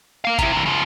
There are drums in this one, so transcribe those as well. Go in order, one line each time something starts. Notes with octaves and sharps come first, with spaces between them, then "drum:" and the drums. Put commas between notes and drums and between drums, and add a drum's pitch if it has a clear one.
A#3 F5
C3 E4, drum: kick G1, hi-hat
C3 E3
C#3 F3